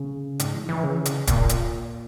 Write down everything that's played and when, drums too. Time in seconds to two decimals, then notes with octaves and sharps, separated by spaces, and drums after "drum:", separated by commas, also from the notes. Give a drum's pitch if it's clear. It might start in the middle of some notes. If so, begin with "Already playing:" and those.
Already playing: C#3
0.40 G#2, drum: hi-hat
0.54 E3
0.69 E3
0.83 C#3
1.05 drum: hi-hat
1.27 A#2, drum: kick D1, hi-hat
1.49 drum: hi-hat